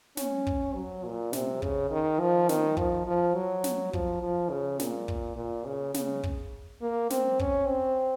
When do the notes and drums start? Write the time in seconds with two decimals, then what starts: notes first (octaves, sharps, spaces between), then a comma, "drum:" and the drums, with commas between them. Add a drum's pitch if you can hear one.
0.17 C#4, drum: snare
0.47 drum: kick
0.75 F#3
1.04 A#2
1.33 C3, drum: snare
1.62 C#3, drum: kick
1.91 D#3
2.19 F3
2.49 D#3, drum: snare
2.77 F3, drum: kick
3.07 F3
3.34 F#3
3.64 drum: snare
3.93 F3, drum: kick
4.22 F3
4.50 C#3
4.79 A#2, drum: snare
5.08 drum: kick
5.36 A#2
5.65 C#3
5.94 C#3, drum: snare
6.23 drum: kick
6.81 A#3
7.10 C4, drum: snare
7.39 C#4, drum: kick
7.68 C4